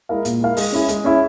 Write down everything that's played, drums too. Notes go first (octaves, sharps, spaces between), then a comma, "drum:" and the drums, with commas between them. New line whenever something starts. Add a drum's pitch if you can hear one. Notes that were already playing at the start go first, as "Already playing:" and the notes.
G#3 E4 A#4 F5
A#2, drum: hi-hat
G#3 E4 A#4 F5
G#3, drum: open hi-hat
C#4 E4 G#4
G#3, drum: hi-hat
C#4 E4 G#4